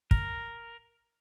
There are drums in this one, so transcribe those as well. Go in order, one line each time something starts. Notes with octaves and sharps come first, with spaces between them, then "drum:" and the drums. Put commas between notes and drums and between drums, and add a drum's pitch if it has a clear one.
A#4, drum: kick